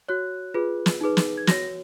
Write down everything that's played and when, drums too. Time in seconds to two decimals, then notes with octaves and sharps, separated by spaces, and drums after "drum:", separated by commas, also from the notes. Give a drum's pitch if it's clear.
0.08 F#4 C#5 F#6
0.54 F4 G#4 B4
0.86 drum: snare
1.01 D#4 G#4 B4
1.17 drum: snare
1.38 G#6
1.47 F#4 C#5 A#6, drum: snare